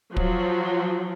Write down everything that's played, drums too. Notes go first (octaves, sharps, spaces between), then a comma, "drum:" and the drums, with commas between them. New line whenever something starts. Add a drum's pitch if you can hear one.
F3 F#3, drum: kick